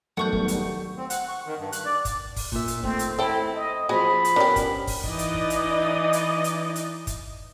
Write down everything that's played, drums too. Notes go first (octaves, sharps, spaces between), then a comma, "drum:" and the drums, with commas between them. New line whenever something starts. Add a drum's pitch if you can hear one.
D#3 F#3 G3 A3 B3 F#5 C#6 G6
drum: kick
drum: hi-hat
C4
F#5, drum: hi-hat
C#6
D#3
G2
F#6, drum: hi-hat
D5
drum: kick, hi-hat
drum: kick, open hi-hat
A#2 E5, drum: kick
drum: hi-hat
D#3 A3 C4, drum: kick
drum: hi-hat
C4 E4 A4 G5
D#5
F3 C4 F#4 G#4 D#5 B5
drum: hi-hat
B3 C#4 D4 G4 A#4
drum: kick, hi-hat
drum: kick, open hi-hat
E3 D#4 D5 D#5, drum: kick
drum: hi-hat
drum: kick
drum: hi-hat
drum: hi-hat
drum: hi-hat
drum: hi-hat
drum: kick, hi-hat